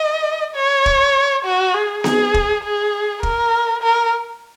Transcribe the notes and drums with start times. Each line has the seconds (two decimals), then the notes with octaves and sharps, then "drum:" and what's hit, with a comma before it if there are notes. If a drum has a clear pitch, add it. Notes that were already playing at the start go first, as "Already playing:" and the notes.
Already playing: D#5
0.56 C#5
0.86 drum: kick
1.46 F#4
1.74 G#4
2.04 G#4, drum: snare B3
2.34 drum: kick
2.64 G#4
3.23 A#4, drum: kick
3.83 A#4